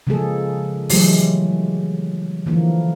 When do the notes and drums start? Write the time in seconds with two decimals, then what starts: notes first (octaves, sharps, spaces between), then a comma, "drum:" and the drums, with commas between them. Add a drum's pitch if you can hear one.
0.07 C#3 F3 G#3 A#3 G#4 A4
0.89 E3 F#3 G#3 A3 G4, drum: open hi-hat
2.46 D3 E3 F3 A#3